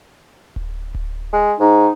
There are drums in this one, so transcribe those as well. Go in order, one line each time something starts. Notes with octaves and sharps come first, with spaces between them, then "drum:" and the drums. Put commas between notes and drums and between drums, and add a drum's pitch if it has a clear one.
drum: kick D1
drum: kick D1
G#3
G#2 D#4